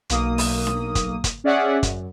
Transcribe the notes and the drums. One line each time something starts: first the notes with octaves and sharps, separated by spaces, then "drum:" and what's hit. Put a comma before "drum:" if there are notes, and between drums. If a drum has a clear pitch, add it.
B1 A#3 D#6, drum: hi-hat
drum: open hi-hat
drum: snare D4
drum: kick G1, hi-hat
drum: kick G1, hi-hat
C#4 G#4 D5 E5 F#5
F#2, drum: kick G1, hi-hat